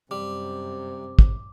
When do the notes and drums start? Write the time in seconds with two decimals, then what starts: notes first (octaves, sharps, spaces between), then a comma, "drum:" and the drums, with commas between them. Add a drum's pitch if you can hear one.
0.11 F#2 C3 G3 D6
1.19 drum: kick